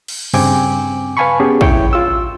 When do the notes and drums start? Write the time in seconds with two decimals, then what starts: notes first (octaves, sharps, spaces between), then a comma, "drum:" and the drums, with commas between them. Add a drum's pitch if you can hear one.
0.08 drum: cymbal
0.33 G2 C#3 C4 G5 G#5 D6, drum: cymbal
1.17 B4 F5 G#5 A5 B5 C#6
1.40 B3 C#4 G4 G#4
1.61 E4 C#5 G5, drum: kick
1.93 F4 E6